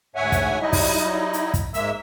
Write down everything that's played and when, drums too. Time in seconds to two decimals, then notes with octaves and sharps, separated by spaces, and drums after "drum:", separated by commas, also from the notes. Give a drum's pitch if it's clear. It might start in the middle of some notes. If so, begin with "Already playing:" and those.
0.16 D2 G#2 C#5 E5 F#5 G#5
0.32 drum: kick, hi-hat
0.61 F#3 G3 D#4 E4 D#5
0.73 drum: kick, open hi-hat
1.33 drum: hi-hat
1.54 drum: kick, hi-hat
1.74 G#2 G#3 A#3 E5 E6, drum: hi-hat